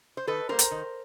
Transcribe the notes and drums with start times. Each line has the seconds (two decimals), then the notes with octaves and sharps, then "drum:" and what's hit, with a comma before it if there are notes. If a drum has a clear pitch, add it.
0.17 C5
0.27 D#3 A4 B4
0.49 G3 A#3 A#4 C5
0.59 drum: hi-hat
0.71 D#3